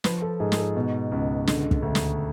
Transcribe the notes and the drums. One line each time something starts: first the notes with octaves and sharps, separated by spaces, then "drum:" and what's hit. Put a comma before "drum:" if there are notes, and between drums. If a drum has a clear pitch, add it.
F3 B4, drum: snare
A4
G#2 G#4
G#4, drum: snare
A4
B2
C#2
D3, drum: snare
drum: kick
D2
drum: snare